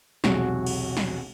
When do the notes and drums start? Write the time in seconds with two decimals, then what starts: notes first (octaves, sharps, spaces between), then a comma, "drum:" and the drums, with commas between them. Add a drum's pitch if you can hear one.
0.24 E1 B1 C3 F#4 G#4, drum: snare
0.67 drum: cymbal
0.97 drum: snare